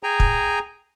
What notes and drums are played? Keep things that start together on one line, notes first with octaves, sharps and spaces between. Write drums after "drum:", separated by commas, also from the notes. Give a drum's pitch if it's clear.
G#4 G5 G#5 A#5
drum: kick